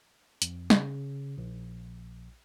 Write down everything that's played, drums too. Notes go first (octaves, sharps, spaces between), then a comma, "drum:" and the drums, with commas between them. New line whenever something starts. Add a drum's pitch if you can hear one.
F2, drum: hi-hat
C#3, drum: snare
A#1